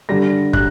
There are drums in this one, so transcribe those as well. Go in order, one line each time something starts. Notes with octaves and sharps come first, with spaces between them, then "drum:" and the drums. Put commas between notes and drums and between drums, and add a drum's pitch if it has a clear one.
D3 G3 A#6
F#6, drum: kick